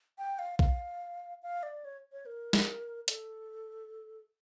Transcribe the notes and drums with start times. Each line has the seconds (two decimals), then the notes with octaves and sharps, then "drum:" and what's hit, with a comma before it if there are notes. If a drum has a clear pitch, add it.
0.18 G5
0.39 F5
0.59 F5, drum: kick A#1
1.42 F5
1.63 D5
1.84 C#5
2.12 C#5
2.26 A#4
2.53 drum: snare
3.08 A4, drum: hi-hat